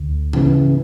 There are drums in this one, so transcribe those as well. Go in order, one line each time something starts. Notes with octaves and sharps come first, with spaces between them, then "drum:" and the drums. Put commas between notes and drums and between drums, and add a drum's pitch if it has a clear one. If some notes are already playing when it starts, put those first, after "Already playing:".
Already playing: D2
C#3 E3, drum: tom